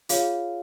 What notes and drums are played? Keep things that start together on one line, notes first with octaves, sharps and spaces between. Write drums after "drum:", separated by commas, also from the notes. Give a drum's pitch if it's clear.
F4 G#4 C#5 F5, drum: hi-hat